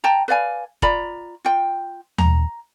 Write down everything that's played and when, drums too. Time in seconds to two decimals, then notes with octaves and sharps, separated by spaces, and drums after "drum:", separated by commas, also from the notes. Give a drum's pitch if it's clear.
0.04 G5 A5 A#5
0.28 B4 D5 F5 G#5
0.82 F4 D5 A#5 B5, drum: kick
1.45 F4 G5
2.18 A#5, drum: tom D#2